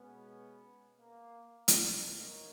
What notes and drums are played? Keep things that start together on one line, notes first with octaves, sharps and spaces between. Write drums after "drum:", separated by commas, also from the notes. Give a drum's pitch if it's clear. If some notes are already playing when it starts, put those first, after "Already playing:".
Already playing: B2 G#3 B3 C#4
A#3
drum: hi-hat
A#3 D#4 A#4 C#5